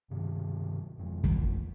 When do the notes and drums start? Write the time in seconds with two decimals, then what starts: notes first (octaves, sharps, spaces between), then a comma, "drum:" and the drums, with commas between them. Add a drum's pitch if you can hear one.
0.10 G2 C3 D#3
0.98 G#1 F2 F3
1.24 drum: kick